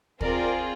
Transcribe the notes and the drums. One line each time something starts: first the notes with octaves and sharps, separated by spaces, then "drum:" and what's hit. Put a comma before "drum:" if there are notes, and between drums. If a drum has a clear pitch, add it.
C4 F4 G#4 A#4 D5, drum: kick